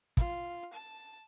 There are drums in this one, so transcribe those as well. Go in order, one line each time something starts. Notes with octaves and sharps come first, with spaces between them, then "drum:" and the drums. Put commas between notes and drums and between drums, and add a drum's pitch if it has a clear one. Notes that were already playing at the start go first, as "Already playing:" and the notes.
F4, drum: kick
A5